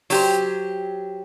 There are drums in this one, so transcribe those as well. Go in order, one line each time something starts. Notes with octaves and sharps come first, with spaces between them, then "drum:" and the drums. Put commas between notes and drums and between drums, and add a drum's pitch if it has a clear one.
F#3 G4 C5, drum: open hi-hat